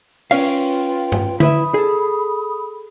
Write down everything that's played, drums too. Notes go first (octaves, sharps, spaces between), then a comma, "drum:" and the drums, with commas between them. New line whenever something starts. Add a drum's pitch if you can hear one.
C#4 F4 B4 C#5 F5 G5, drum: open hi-hat
drum: tom G2
E4 B4 E5 B5 D#6, drum: tom D3
G#4 A4